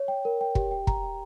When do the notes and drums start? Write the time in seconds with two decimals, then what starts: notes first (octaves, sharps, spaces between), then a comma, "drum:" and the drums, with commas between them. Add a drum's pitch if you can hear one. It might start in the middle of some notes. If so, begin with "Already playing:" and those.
Already playing: C#5
0.08 G5
0.25 A#4
0.41 G5
0.55 G4, drum: kick
0.71 G5
0.87 A#5, drum: kick
1.03 G5